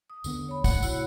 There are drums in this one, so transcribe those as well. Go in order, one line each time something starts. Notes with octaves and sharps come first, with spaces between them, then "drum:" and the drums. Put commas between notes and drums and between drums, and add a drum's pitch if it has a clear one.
D#6
E2 D3 B3, drum: tambourine
C#5 B5
E2 G#2 A3 F#5 B5, drum: kick, tambourine
C3 E4 F#4 C#5, drum: tambourine